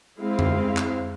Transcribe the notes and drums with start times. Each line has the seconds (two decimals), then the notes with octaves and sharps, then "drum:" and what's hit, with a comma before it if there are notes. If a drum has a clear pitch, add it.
0.20 G#3 C4 E4 F5
0.39 drum: tom F2
0.77 drum: clap